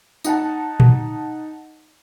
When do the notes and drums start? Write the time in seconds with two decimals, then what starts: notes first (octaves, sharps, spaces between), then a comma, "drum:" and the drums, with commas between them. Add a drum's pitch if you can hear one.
0.24 D#4 F#5 A5, drum: tambourine
0.80 drum: tom A#2